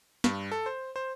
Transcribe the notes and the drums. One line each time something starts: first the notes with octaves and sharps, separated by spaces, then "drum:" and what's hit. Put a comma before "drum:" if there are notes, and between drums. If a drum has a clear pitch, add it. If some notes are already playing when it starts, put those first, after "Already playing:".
G2, drum: snare
A4
C5
C5